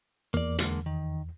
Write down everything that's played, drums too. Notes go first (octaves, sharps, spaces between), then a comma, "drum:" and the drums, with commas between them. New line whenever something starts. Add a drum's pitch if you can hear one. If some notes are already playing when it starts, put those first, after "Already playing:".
E2 A#3 D5
D3 G#3 A#3, drum: hi-hat
D#3